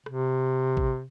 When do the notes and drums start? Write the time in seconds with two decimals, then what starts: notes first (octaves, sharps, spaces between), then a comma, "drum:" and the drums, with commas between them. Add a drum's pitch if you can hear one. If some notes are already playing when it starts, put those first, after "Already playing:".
0.06 C3, drum: rim click
0.77 drum: kick A1